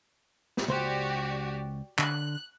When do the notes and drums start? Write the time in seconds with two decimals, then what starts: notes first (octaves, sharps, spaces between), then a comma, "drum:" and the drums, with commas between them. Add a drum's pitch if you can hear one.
0.57 drum: snare
0.68 C#2 F#4 G4 C5 D5
1.98 D3 F#6, drum: clap